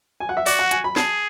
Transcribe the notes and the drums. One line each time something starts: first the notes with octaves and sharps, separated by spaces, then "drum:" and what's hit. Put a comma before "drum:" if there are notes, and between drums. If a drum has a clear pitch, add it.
G#5
F#5
E5
F#4 D5, drum: open hi-hat
F#5
G#5, drum: hi-hat
B5
G#4 A5, drum: snare